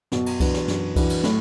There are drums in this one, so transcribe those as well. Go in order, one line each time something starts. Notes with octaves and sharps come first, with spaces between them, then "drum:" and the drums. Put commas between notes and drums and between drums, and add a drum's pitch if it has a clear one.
F#2 B2, drum: snare
drum: cymbal
E3 D4 F#4 B4, drum: kick C2, cymbal
drum: snare
F#2, drum: snare
E3 D4 F#4 B4, drum: kick C2, cymbal
drum: cymbal
A2 F#3, drum: snare